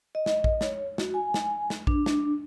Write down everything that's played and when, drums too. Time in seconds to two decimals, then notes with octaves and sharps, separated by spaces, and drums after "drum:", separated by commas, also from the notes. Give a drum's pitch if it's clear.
0.15 D#5
0.26 drum: snare
0.44 drum: kick A#1
0.61 C#5, drum: snare
0.98 F#4, drum: snare
1.14 G#5
1.34 drum: snare
1.70 drum: snare
1.87 D4, drum: kick A#1
2.06 drum: snare